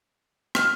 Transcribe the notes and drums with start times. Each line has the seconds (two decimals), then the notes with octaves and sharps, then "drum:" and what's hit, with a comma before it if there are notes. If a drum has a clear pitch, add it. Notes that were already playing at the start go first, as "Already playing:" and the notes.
0.55 F6, drum: rim click